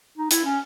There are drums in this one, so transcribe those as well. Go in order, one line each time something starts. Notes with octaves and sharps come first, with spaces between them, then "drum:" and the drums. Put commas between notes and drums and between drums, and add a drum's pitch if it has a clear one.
D#4
E4, drum: hi-hat
C#4